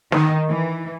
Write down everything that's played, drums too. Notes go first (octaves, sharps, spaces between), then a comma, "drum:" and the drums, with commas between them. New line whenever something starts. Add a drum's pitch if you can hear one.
D#3, drum: snare
E3